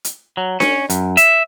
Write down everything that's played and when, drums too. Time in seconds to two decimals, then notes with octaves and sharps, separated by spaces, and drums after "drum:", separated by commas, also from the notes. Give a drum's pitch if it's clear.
0.04 drum: hi-hat
0.37 F#3
0.60 C#4, drum: snare D4
0.90 F#2, drum: hi-hat
1.17 E5, drum: hi-hat